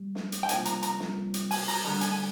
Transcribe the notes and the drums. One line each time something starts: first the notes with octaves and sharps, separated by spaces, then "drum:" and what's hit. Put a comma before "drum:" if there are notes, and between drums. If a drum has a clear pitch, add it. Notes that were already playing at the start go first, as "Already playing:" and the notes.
Already playing: G3
drum: snare
drum: hi-hat
G5
C2 C3 F3 A#3 D4 G#5, drum: hi-hat
A#5, drum: hi-hat
A#5, drum: hi-hat
drum: snare
drum: hi-hat
G#5, drum: open hi-hat
A#5, drum: open hi-hat
D2 D3 G3 A#5
G#5, drum: hi-hat
G#5